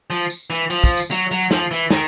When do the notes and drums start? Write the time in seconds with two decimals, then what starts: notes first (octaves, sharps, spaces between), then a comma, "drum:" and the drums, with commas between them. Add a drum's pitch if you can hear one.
0.10 F3
0.30 drum: tambourine
0.50 E3
0.70 F3, drum: tambourine
0.84 drum: kick, tambourine
0.97 drum: tambourine
1.11 F#3, drum: tambourine
1.31 F#3
1.51 F3, drum: snare
1.71 E3
1.90 D#3, drum: snare